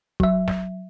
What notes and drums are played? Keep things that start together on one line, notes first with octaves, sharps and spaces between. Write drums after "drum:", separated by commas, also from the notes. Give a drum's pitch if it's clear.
F#3 E5, drum: kick
drum: snare